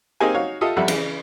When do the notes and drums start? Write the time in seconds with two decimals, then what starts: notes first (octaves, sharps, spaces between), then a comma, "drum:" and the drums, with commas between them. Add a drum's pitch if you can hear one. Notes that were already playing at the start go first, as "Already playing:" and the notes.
0.20 A#3 C4 D#4 G4 G#4 G#5
0.34 D#4 F#4 C#5 F5
0.61 F4 G4 A4 D#5 E5 D#6
0.76 A1 F2 G3 E5 F#5
0.88 C#3 E3, drum: cymbal